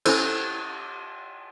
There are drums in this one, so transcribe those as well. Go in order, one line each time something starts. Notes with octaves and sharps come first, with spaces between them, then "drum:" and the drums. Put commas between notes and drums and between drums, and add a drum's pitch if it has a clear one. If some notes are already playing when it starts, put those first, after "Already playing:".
C#4 E4 A4 C5, drum: cymbal